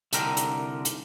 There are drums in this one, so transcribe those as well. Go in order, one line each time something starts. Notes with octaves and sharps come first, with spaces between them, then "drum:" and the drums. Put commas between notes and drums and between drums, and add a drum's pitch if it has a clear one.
C2 D3 A#4 G5, drum: hi-hat
drum: hi-hat
drum: hi-hat